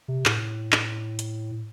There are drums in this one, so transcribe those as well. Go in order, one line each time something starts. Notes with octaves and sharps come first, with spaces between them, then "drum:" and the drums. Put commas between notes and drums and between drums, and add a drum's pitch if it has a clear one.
C3
A2, drum: clap
drum: clap
drum: hi-hat